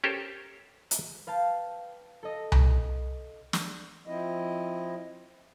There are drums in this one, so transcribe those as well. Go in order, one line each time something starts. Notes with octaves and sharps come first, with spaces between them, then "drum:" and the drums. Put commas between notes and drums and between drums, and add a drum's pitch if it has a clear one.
C#4 G4 A4 A#4 C5
drum: hi-hat
B4 F5 G5 A5
A4 D#5 A#6
drum: tom C2
drum: snare
F3 C4 E4 D#5